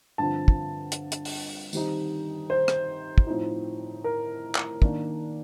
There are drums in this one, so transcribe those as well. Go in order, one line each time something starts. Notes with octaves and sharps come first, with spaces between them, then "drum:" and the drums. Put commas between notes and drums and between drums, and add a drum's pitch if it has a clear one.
G2 D3 F3 C4 A5
drum: kick
drum: hi-hat
drum: hi-hat
drum: open hi-hat
D#3 G3 C4 D#4, drum: tambourine
C5
drum: rim click
drum: kick
A2 F3 C4 D#4
A#4
drum: clap
D#3 A#3 D4, drum: kick